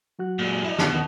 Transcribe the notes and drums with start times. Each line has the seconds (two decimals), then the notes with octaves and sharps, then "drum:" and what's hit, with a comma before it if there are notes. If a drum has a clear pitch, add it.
0.19 F#3 F#4 F#6
0.39 A#2 G#3
0.64 E4 D#5
0.79 B2 D#3, drum: snare
0.92 D#2 D#3 D#6